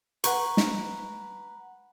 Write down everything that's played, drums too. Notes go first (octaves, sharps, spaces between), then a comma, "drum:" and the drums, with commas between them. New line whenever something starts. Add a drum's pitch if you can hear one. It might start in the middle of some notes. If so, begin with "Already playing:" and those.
B4 F#5 A#5 C#6, drum: hi-hat
drum: snare